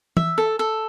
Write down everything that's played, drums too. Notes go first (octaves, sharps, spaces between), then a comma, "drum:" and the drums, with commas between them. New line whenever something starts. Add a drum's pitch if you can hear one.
E5, drum: tom E3
A4
A4